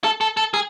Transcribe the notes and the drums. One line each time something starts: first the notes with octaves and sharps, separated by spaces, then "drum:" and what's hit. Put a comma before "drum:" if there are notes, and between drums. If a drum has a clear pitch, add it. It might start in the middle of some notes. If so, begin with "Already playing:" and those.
A4, drum: rim click
A4
A4
G#4, drum: rim click